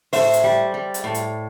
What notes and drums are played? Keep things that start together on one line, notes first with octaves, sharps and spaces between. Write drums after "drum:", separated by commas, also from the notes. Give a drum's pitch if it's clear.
A2 C5 E5, drum: open hi-hat
drum: hi-hat
G3
G3
drum: hi-hat
A2
drum: hi-hat